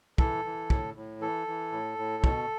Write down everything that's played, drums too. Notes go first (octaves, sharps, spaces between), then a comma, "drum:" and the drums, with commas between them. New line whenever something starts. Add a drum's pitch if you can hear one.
E3 A4, drum: kick
E3
A2, drum: kick
A2
E3 A4
E3
A2
A2
B2, drum: kick